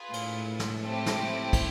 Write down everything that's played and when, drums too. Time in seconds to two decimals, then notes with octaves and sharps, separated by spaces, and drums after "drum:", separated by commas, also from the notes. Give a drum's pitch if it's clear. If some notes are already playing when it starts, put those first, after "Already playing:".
Already playing: F4 G#4 B4
0.13 A2, drum: cymbal
0.59 drum: snare
0.83 A3 C4 E4 G4
1.06 drum: snare
1.53 drum: kick, cymbal